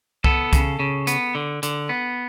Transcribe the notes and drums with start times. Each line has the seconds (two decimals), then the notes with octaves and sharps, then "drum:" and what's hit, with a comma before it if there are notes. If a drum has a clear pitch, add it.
0.24 B3 A4, drum: kick
0.53 C#3, drum: kick, hi-hat
0.79 C#3
1.07 B3, drum: hi-hat
1.35 D3
1.63 D3, drum: hi-hat
1.89 B3